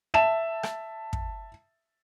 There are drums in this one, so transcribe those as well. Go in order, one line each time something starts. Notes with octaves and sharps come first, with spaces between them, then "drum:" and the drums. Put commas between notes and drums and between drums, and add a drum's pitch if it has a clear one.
E5 A5 E7
drum: rim click
drum: kick